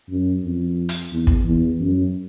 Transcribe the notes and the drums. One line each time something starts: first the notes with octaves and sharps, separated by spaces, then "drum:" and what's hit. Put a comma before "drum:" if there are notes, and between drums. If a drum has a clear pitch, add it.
F#2
F2
drum: hi-hat
E2
drum: kick
E2
F#2